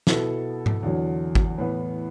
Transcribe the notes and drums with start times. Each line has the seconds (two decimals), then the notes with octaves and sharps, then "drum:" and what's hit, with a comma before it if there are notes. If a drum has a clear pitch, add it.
0.07 B2 B3 E4 A4, drum: snare
0.66 drum: tom G#2
0.83 E2 D3 F#3
1.35 drum: kick G#1
1.58 A2 E3 B3